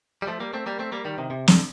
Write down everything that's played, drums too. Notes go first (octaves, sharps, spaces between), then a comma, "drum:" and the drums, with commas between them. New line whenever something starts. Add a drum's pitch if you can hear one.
G3
F3 A3
G3 A#3
A3 C4
G3 A#3
A3 C4
G3 A#3
D#3 G3
C3 D#3
C3
D3, drum: snare